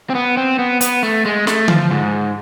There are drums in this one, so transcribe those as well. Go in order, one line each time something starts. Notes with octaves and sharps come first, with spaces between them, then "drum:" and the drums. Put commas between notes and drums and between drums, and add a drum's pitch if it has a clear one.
C4
B3
C4
B3
B3, drum: hi-hat
A3
G#3
A3, drum: snare
F3, drum: tom D3
G#2